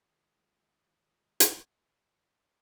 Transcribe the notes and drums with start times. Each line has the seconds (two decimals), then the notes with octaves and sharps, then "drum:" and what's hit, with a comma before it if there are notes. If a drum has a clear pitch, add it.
0.05 D#3 G#3 F4 D#6
1.40 drum: hi-hat